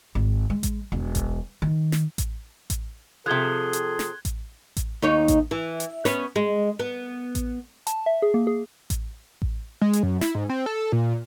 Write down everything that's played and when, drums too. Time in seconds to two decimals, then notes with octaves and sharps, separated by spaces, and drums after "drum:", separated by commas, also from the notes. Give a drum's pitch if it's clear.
0.15 G#1
0.50 G#3
0.63 drum: kick A1, hi-hat
0.92 E1
1.15 drum: kick A1, hi-hat
1.62 D#3
1.92 drum: snare
2.18 drum: kick A1, hi-hat
2.70 drum: kick A1, hi-hat
3.26 C3 F3 G#4 A4 F#6 G#6 G7
3.73 drum: hi-hat
3.99 drum: snare
4.25 drum: kick A1, hi-hat
4.77 drum: kick A1, hi-hat
5.02 D#2 D#4 C#5
5.28 drum: kick A1, hi-hat
5.51 E3
5.80 drum: hi-hat
6.05 B3 C#4 C#5, drum: snare
6.36 G#3
6.79 B3
7.35 drum: kick A1, hi-hat
7.87 A5, drum: hi-hat
8.06 E5
8.22 G#4
8.34 A#3
8.47 G#4
8.90 drum: kick A1, hi-hat
9.42 drum: kick A1
9.82 G#3
9.93 drum: hi-hat
10.03 F#2
10.21 E4, drum: snare
10.35 G#2
10.50 C4
10.66 A4
10.92 A#2